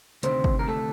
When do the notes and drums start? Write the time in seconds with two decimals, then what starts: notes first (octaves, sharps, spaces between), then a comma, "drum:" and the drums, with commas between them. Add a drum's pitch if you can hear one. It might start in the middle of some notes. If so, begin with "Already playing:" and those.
0.23 D2 C3 D#3 C4 C5, drum: hi-hat
0.44 drum: kick
0.59 A#4
0.68 A3 A4